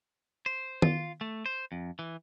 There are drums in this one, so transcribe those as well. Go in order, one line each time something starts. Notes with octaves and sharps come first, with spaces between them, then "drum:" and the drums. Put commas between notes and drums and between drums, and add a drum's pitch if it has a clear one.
C5
F4, drum: tom D#3
A3
C5
F2
E3